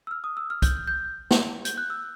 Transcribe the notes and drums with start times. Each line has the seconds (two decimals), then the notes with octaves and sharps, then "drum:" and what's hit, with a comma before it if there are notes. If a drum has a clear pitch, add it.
0.07 E6
0.11 F6
0.24 D#6
0.37 E6
0.50 F6
0.62 G6, drum: kick, hi-hat
0.87 G6
1.31 drum: snare
1.65 G6, drum: hi-hat
1.78 F#6
1.90 E6